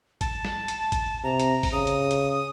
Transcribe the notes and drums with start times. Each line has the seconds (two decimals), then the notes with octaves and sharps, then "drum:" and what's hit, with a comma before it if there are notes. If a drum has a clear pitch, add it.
0.21 A5, drum: kick, hi-hat
0.45 drum: snare
0.68 drum: hi-hat
0.92 drum: kick, hi-hat
1.23 C3 A#5
1.40 drum: hi-hat
1.63 drum: kick, open hi-hat
1.72 C#3 D#6
1.87 drum: hi-hat
2.11 drum: hi-hat